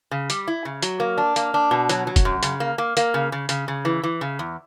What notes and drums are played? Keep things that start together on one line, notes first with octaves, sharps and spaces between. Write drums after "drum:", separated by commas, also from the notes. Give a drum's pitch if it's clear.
C#3
G3, drum: hi-hat
E4
C#3
F#3, drum: hi-hat
A#3
D4
A#3, drum: hi-hat
D4
B2
F#3, drum: hi-hat
F#3
drum: kick, hi-hat
F#2
C#3, drum: hi-hat
A#3
A#3
A#3, drum: hi-hat
C#3
C#3
C#3, drum: hi-hat
C#3
E3
E3
C#3
E2